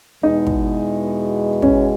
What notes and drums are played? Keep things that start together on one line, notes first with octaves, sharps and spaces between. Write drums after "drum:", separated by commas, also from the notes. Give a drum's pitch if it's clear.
E2 B2 G#3 D#4
drum: kick
C#4, drum: kick